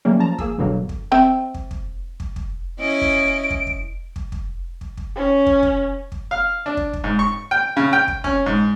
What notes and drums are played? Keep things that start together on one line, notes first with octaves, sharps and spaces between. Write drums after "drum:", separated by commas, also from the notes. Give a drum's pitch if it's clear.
C#3 F#3 G3 A3 A#3 C#4
F3 A5 A#5
A#3 G#4 E6, drum: kick
B1 G2 B2 D3 F#3 A#3
drum: kick
C4 E5 G5
drum: kick
drum: kick
drum: kick
drum: kick
C#4 E4 D#5 D7
drum: kick
drum: kick
drum: kick
drum: kick
drum: kick
drum: kick
drum: kick
C#4
drum: kick
drum: kick
drum: kick
F5
D4
drum: kick
drum: kick
G#2
C#6
G5
C#3
G5
drum: kick
C#4, drum: kick
G#2